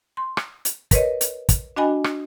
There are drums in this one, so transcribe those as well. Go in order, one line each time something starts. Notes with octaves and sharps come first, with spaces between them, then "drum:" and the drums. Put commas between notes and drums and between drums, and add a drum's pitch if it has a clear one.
C6
drum: rim click
drum: hi-hat
A#4 B4 C#5 D#5, drum: kick, hi-hat
drum: hi-hat
drum: kick, hi-hat
D4 F#4 D#5 G5 G#5 B5
drum: rim click